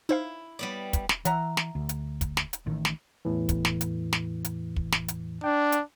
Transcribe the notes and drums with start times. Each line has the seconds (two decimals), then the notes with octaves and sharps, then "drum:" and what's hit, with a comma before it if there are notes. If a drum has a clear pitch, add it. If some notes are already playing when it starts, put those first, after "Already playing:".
0.09 D#4 E4 C5 F5
0.59 G3 B3 D5
0.93 drum: kick, hi-hat
1.09 drum: snare
1.25 E3 E5 F#5 A#5, drum: hi-hat
1.57 drum: snare
1.75 D2
1.89 drum: hi-hat
2.21 drum: kick, hi-hat
2.37 drum: snare
2.53 drum: hi-hat
2.66 A1 A2 D#3
2.85 drum: snare
3.25 E2 A2 E3
3.49 drum: kick, hi-hat
3.65 drum: snare
3.81 drum: hi-hat
4.13 drum: snare
4.45 drum: hi-hat
4.76 drum: kick
4.92 drum: snare
5.08 drum: hi-hat
5.44 D4 G5
5.72 drum: hi-hat